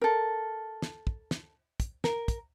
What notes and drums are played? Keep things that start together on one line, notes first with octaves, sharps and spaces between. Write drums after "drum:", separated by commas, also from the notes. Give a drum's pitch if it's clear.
A4 A#4
drum: snare
drum: kick
drum: snare
drum: kick, hi-hat
A#4, drum: snare
drum: kick, hi-hat